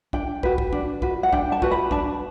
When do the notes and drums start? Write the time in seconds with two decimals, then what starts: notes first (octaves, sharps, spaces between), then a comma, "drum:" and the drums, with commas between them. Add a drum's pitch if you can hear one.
0.13 D4 G5, drum: kick
0.43 F#4 B4, drum: kick
0.58 drum: kick
0.73 D4, drum: kick
1.02 F#4 B4, drum: kick
1.23 F#5
1.33 D4 G5, drum: kick
1.52 A5
1.62 F#4 B4, drum: kick
1.71 B5
1.91 D4 A5, drum: kick